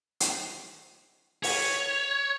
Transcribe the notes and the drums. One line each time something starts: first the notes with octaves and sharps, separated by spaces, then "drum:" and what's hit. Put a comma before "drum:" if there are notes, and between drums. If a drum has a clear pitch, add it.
drum: hi-hat
C#5, drum: open hi-hat